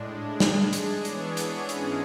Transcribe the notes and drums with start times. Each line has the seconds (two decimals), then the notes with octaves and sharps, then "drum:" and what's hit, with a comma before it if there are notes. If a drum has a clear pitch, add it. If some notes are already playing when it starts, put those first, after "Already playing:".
Already playing: A2 G#3 D4
0.40 G#3 D4 G#4, drum: snare
0.73 drum: hi-hat
1.05 E3 B3 D4 G#4 C#5, drum: hi-hat
1.37 drum: hi-hat
1.69 G#2 E3 G#3 C#4 G#4, drum: hi-hat